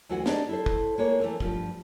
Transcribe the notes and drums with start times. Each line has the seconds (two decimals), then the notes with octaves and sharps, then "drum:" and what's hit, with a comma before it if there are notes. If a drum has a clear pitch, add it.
0.09 D2 E3 G#3 F#4 F#5 G#5
0.26 D4 D#4 G4 G#4 D5 D#5, drum: snare
0.49 E4 A4 C5
0.66 drum: kick
0.98 G#3 A#3 C#5
1.20 E3 A3 A#3 C4
1.40 G2 F3 G4, drum: kick